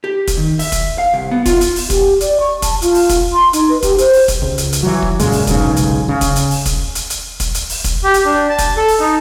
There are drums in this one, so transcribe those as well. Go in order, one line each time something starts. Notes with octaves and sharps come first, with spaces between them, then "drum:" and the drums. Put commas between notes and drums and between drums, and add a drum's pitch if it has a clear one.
G4
drum: kick, hi-hat
D#3
E5, drum: open hi-hat
drum: kick, hi-hat
F5
C2
B3
F4, drum: kick, hi-hat
drum: hi-hat
drum: open hi-hat
G4, drum: kick, hi-hat
D5, drum: hi-hat
C#6
A5, drum: kick, hi-hat
F4, drum: hi-hat
drum: open hi-hat
drum: kick, hi-hat
C6
D#4, drum: hi-hat
B4
G4, drum: kick, hi-hat
C5, drum: hi-hat
drum: open hi-hat
drum: kick, hi-hat
C#2
drum: hi-hat
drum: hi-hat
E3 F#3
drum: kick
F#2 A#2 C#3 G#3, drum: hi-hat
drum: open hi-hat
F1 B1 G#2 C#3, drum: kick, hi-hat
drum: hi-hat
C#3
drum: kick, hi-hat
drum: hi-hat
drum: open hi-hat
drum: kick, hi-hat
drum: hi-hat
drum: hi-hat
drum: kick, hi-hat
drum: hi-hat
drum: open hi-hat
drum: kick, hi-hat
G4
drum: hi-hat
D4
A5
drum: kick, hi-hat
A4
drum: open hi-hat
D#4